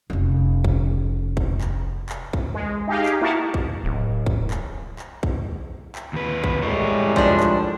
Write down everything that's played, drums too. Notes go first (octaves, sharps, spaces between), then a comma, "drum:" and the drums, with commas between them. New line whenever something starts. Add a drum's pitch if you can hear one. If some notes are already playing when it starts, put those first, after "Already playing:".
F1 C#4
drum: kick
drum: kick
drum: clap
drum: clap
drum: kick
G#3
D#4 G4 G#4 F5
drum: clap
A#3 E4 F#4 A#4 F#5 A5
drum: kick
D1
drum: kick
drum: clap
drum: clap
drum: kick
drum: clap
D#2 B4
drum: kick
A2 G3 G#3 A#4 C#5
F3 D4, drum: kick
drum: clap